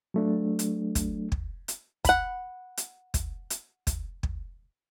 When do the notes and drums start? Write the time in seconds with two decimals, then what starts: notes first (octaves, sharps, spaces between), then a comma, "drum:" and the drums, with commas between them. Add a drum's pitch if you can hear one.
0.14 F#3 A3 D4
0.59 drum: hi-hat
0.95 drum: kick, hi-hat
1.32 drum: kick
1.68 drum: hi-hat
2.05 F#5 B5, drum: kick, hi-hat
2.77 drum: hi-hat
3.14 drum: kick, hi-hat
3.50 drum: hi-hat
3.87 drum: kick, hi-hat
4.23 drum: kick